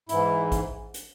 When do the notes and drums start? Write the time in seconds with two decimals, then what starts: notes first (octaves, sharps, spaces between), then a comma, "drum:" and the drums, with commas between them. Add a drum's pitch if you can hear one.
0.09 G#2 E3 E4, drum: hi-hat
0.52 drum: kick A1, hi-hat
0.94 drum: hi-hat